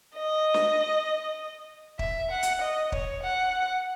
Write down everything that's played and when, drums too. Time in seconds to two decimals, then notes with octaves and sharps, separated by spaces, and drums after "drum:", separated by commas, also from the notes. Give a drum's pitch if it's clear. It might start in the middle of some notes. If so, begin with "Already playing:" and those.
0.15 D#5
0.54 drum: snare
1.99 E5, drum: kick
2.31 F#5
2.43 drum: hi-hat
2.61 D#5
2.92 C#5, drum: kick
3.23 F#5